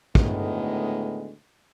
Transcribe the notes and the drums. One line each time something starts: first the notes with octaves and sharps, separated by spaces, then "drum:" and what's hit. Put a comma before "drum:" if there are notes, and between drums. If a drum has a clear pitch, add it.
D2 A2 D3 D#3 G#3 B3, drum: kick